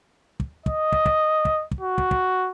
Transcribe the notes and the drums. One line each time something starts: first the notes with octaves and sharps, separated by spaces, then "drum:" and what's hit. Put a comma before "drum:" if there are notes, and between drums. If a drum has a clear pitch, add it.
drum: kick
D#5, drum: kick
drum: kick
drum: kick
drum: kick
drum: kick
F#4
drum: kick
drum: kick